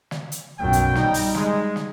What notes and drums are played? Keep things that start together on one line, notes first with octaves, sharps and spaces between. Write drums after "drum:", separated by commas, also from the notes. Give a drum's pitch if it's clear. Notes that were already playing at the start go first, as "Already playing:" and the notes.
drum: snare
drum: hi-hat
B1 F#2 G5
drum: hi-hat
G3 D#4, drum: snare
drum: open hi-hat
G#3, drum: snare
drum: snare